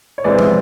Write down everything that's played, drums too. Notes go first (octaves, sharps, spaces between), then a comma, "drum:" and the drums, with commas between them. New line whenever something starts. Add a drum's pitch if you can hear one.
C#5
C3 E3 G#3 B3 D5
drum: tom